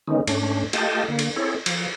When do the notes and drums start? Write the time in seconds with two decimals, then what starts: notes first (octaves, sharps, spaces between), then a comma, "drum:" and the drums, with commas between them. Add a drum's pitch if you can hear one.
0.08 D3 D#3 G#3 B3 C#4 D#4
0.27 G#2 A3 C#4 D4, drum: cymbal
0.73 A3 F4 G4 D#5 G5 A5, drum: cymbal
1.08 D3 A#3
1.19 drum: cymbal
1.36 C4 E4 G#4 A4 C#5
1.66 F3, drum: cymbal